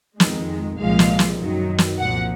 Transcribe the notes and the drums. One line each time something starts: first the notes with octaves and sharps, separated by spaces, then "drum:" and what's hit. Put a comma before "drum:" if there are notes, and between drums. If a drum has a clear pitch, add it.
F2 D#3 G#3, drum: snare
C2 A#2 F3 G#3 F5
drum: snare
drum: snare
F#2 D#3 F#3
drum: snare
C2 A#2 F3 F#5